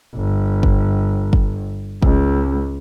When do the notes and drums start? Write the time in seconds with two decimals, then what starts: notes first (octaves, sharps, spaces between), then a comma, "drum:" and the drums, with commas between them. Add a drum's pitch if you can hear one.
0.15 G1
0.63 drum: kick
1.33 drum: kick
2.03 C#2, drum: kick